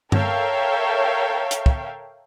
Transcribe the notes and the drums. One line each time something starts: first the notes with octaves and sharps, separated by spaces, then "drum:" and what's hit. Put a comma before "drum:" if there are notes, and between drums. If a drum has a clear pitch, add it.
A4 A#4 C#5 E5 F5 G5, drum: tom G2
drum: hi-hat
drum: kick